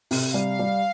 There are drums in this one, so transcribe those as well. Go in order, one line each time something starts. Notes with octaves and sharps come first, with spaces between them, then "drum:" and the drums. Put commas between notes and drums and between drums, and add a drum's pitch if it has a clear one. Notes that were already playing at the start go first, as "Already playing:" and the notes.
C3, drum: open hi-hat
G3 F5
G3